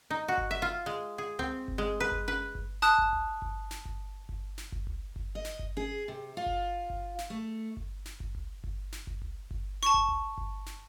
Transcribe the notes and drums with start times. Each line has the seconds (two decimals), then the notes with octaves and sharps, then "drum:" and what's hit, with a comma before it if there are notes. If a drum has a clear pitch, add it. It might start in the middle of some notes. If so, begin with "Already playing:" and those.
0.10 D#4
0.28 F#4
0.38 drum: kick G1
0.51 E5
0.62 F4
0.86 G#3
1.18 G#4
1.39 C4, drum: tom C2
1.68 drum: kick G1
1.78 G#3
2.00 B4
2.11 drum: kick G1
2.28 B4, drum: tom C#4
2.55 drum: kick G1
2.82 A5 D#6 F#6, drum: snare
2.98 drum: kick G1
3.13 drum: tom C2
3.42 drum: kick G1
3.71 drum: snare
3.85 drum: kick G1
4.29 drum: kick G1
4.58 drum: snare
4.72 drum: kick G1
4.87 drum: tom C2
5.16 drum: kick G1
5.35 D#5
5.45 drum: snare
5.59 drum: kick G1
5.77 G#4, drum: tom C#4
6.08 C3
6.37 F4
6.46 drum: kick G1
6.90 drum: kick G1
7.19 drum: snare
7.30 A3
7.77 drum: kick G1
8.06 drum: snare
8.20 drum: kick G1
8.35 drum: tom C2
8.64 drum: kick G1
8.93 drum: snare
9.07 drum: kick G1
9.22 drum: tom C2
9.51 drum: kick G1
9.83 A5 C#6, drum: snare
9.94 drum: kick G1
10.09 drum: tom C2
10.38 drum: kick G1
10.67 drum: snare